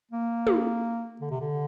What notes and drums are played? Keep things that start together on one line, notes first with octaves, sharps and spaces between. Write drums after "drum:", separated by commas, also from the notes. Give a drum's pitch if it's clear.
A#3
drum: tom
D3
C3
D3